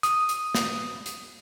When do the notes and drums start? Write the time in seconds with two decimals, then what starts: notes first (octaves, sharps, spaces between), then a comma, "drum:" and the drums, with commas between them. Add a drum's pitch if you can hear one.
0.03 D#6, drum: hi-hat
0.29 drum: hi-hat
0.55 drum: snare
1.06 drum: hi-hat